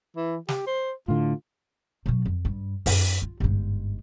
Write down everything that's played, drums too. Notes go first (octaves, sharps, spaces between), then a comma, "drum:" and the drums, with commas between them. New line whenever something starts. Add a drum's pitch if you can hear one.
E3
G4, drum: snare
C5
A2 D3 F4
B2 F#3
F2
G2
F#2, drum: open hi-hat
F4
G1 G#2